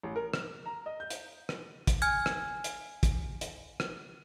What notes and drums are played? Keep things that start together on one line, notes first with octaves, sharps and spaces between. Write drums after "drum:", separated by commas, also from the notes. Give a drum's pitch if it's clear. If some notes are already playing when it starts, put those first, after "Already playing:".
A1
A#4
F6, drum: rim click
A#5
D#5
G6
drum: hi-hat
drum: rim click
drum: kick, hi-hat
G#5 F6 G#6
drum: rim click
drum: hi-hat
drum: kick, hi-hat
drum: hi-hat
drum: rim click